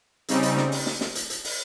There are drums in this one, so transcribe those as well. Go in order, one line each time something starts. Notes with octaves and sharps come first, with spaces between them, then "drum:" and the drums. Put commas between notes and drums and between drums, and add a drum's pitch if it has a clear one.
C#3 G3 C4 D#4, drum: hi-hat
drum: hi-hat
drum: snare
drum: open hi-hat
drum: snare
drum: snare
drum: hi-hat
drum: hi-hat
drum: open hi-hat